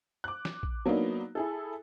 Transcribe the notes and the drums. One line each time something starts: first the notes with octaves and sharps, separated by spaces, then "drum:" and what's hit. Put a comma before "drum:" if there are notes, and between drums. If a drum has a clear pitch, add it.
D6 F#6
drum: snare
drum: kick
F#3 A#3 B3 D4 D#4
E4 G#4 A4